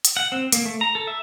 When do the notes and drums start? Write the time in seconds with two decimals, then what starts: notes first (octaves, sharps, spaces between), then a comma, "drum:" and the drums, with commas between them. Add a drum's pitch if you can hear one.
0.05 drum: hi-hat
0.17 F#5
0.32 C4
0.52 A#3, drum: hi-hat
0.65 A3
0.81 A#5
0.95 A4
1.07 E5